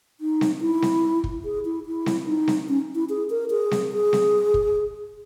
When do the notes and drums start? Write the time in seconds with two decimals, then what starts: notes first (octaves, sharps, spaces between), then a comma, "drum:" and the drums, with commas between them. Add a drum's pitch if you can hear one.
0.21 D#4
0.41 drum: snare C4
0.61 E4
0.82 drum: snare C4
1.24 drum: kick
1.45 G#4
1.65 E4
1.86 E4
2.06 drum: snare C4
2.26 D#4
2.48 drum: snare C4
2.69 C#4
2.95 E4
3.09 G#4
3.30 A#4
3.51 G#4
3.71 drum: snare C4
3.92 G#4
4.13 drum: snare C4
4.54 drum: kick